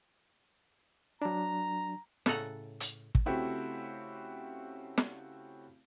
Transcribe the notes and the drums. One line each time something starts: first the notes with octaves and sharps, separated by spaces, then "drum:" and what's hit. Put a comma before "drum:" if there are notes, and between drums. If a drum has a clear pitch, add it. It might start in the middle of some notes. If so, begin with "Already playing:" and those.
F#3 D4 A#5
A2 C#3 A4 D#5 F#5 A#5, drum: snare
drum: hi-hat
drum: kick
C#3 A3 C4 E4 F#4 G4
drum: snare